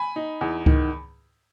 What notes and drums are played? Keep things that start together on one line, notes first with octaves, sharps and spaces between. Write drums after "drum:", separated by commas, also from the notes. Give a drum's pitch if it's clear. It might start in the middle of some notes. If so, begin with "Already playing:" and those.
Already playing: G#5 B5
D#4
E2
D#3, drum: kick C#2